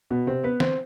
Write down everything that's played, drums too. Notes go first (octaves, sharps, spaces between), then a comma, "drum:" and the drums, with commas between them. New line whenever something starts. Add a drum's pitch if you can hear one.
B2 B3
C3 C4
B3 B4
C4 C5, drum: snare